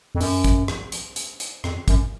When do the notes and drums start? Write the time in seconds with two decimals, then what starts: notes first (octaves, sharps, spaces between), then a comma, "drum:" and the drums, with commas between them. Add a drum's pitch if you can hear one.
0.15 F2
0.21 F#2, drum: open hi-hat
0.44 drum: kick G#1, hi-hat
0.68 drum: rim click
0.92 drum: hi-hat
1.16 drum: hi-hat
1.40 drum: hi-hat
1.64 F2, drum: rim click
1.88 F#2, drum: kick G#1, hi-hat